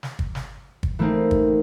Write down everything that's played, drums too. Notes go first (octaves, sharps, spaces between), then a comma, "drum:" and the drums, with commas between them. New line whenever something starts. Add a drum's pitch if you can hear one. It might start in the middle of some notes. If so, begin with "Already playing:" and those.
drum: snare
drum: kick
drum: snare
drum: kick
E3 A3 A#3 C4 D#4
drum: kick